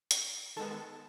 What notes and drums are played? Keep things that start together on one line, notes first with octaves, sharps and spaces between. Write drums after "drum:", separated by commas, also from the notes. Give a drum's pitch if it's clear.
drum: hi-hat
D#3 G#3 B3 A4 A5